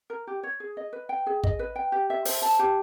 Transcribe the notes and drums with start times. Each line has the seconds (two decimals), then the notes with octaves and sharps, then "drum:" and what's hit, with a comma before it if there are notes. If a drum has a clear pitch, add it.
0.10 A#4
0.27 G4
0.43 C#5
0.60 G#4
0.77 D#5
0.93 B4
1.09 G5
1.26 G#4
1.44 D#5, drum: kick
1.59 B4
1.76 G5
1.92 G4
2.10 E5
2.25 C5, drum: open hi-hat
2.42 A5
2.59 G4